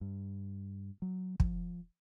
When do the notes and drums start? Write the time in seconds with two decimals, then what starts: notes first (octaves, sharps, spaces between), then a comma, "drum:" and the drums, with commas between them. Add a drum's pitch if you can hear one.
0.01 G2
1.02 F#3
1.40 F3, drum: kick